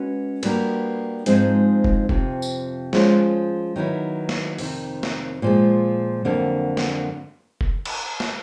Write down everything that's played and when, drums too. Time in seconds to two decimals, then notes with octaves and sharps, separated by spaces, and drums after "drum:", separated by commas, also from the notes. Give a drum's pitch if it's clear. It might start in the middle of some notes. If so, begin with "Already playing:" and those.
Already playing: G#3 C#4 F#4 B4
0.43 G3 A#3 D4 F#4 B4, drum: cymbal
1.26 G#2 F3 G#3 C4 D#4, drum: hi-hat
1.84 drum: kick F1
2.09 F2 C3 F3, drum: kick F1
2.42 drum: tambourine
2.93 F3 G#3 C#4 F4, drum: snare
3.76 D#3 F#3 B3 E4
4.29 drum: snare
4.59 F2 C3 D#3, drum: open hi-hat
5.03 drum: snare
5.42 A#2 F3 G#3
6.25 F2 D3 F#3 A#3
6.77 drum: snare
7.61 drum: kick F1
7.85 drum: cymbal
8.20 drum: snare